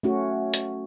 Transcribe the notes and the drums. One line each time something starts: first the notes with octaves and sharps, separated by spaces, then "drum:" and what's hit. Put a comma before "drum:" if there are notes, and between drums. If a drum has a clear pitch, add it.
A3 C#4 F#4
drum: hi-hat